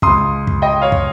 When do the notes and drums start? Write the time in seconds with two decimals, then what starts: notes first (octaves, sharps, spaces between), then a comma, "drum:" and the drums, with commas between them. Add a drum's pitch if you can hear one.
0.02 C#2 C#3 C6 D#6, drum: kick
0.47 drum: kick
0.62 D#5 G5
0.82 C#5 F5
0.92 drum: kick